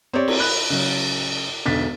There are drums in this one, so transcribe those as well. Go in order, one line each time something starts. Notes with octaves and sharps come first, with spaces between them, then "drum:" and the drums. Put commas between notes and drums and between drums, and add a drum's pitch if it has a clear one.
C4 G4 C#5 D5
drum: cymbal
B5 F#6
C#3 F#3
E1 B1 D3 A6 B6